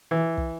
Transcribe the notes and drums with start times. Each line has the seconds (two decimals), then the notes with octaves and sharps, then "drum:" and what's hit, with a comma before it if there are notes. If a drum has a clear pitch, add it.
0.11 E3
0.37 drum: kick